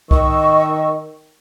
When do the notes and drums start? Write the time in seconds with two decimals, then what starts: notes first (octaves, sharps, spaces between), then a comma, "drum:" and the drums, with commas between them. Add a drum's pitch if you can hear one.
0.11 D#3 D#5 C#6 E6, drum: kick C2